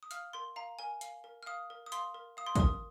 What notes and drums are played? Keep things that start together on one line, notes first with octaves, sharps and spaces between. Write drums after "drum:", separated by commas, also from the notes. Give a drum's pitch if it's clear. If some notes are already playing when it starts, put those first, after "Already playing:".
D#6
F5 F6, drum: hi-hat
A#4 C6
F5 A#5
A#4 G#5
F5, drum: hi-hat
A#4
F6
F5 D#6
A#4
D#6
F5 C6, drum: hi-hat
A#4
F5 D#6
C6
D#6, drum: kick, hi-hat
A#4